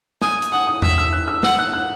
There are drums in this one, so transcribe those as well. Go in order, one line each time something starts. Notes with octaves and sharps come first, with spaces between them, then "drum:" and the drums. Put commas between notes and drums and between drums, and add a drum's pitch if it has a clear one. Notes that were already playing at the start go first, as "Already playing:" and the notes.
G#5 D#6, drum: snare
drum: hi-hat
F#5 D#6
D#6
E5 E6, drum: tom E2
E6
F#6
E6
F#5 E6, drum: snare
F#6
F#6